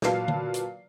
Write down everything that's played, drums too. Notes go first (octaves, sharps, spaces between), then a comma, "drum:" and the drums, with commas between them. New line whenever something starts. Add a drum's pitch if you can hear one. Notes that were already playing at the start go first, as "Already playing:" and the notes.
A#2 F#3 B4 F5 A5 C7, drum: snare
drum: tom D3
drum: hi-hat